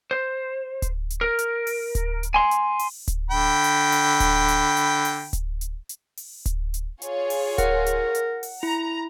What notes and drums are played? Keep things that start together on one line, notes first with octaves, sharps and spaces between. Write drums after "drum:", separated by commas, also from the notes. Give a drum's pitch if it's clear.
C5
drum: kick D1, hi-hat
drum: hi-hat
A#4
drum: hi-hat
drum: open hi-hat
drum: kick D1, hi-hat
drum: hi-hat
G#5 C6
drum: hi-hat
drum: open hi-hat
drum: kick D1, hi-hat
D3 G5 B5
drum: hi-hat
drum: open hi-hat
drum: kick D1, hi-hat
drum: hi-hat
drum: hi-hat
drum: open hi-hat
drum: kick D1, hi-hat
drum: hi-hat
drum: hi-hat
drum: open hi-hat
drum: kick D1, hi-hat
drum: hi-hat
F4 G#4 C#5, drum: hi-hat
drum: open hi-hat
A#4 F#5, drum: kick D1, hi-hat
drum: hi-hat
drum: hi-hat
drum: open hi-hat
E4 A#5